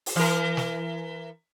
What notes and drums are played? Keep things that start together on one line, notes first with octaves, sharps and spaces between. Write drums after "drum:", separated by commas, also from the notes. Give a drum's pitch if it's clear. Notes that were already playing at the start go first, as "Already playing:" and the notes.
drum: open hi-hat
E3 A#4
drum: snare